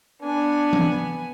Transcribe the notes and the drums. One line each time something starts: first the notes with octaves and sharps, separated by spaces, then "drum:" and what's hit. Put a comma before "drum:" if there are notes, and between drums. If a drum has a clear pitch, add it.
B3 D4 G#5
drum: tom E3